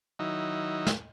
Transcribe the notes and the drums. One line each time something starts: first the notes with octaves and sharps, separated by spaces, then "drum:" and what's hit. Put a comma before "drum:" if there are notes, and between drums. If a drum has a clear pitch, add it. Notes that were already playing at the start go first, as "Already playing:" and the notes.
D#3 F#3 D#4 E4
drum: snare